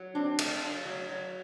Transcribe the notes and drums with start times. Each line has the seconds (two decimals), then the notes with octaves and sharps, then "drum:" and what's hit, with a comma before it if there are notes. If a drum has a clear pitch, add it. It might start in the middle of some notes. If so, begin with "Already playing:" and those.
Already playing: F#3
0.15 C4 D4
0.39 A3, drum: cymbal
0.62 F#3
0.86 F#3
1.09 F#3